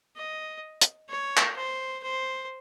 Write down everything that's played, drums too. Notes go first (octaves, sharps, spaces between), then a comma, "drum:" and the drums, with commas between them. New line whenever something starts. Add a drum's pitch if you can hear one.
D#5
drum: hi-hat
C#5
drum: clap
C5
C5